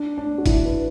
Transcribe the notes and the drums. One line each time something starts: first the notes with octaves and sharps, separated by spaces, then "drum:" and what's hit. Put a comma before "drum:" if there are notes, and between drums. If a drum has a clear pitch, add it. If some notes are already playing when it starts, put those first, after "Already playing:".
Already playing: D4
D4
F#4
E4, drum: kick, hi-hat
B4